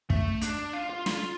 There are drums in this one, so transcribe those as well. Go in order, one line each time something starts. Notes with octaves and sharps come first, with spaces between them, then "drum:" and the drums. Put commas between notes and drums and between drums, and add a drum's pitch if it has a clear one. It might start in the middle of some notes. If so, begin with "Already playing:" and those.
A3, drum: kick
D4, drum: hi-hat
F4
F4
F4, drum: snare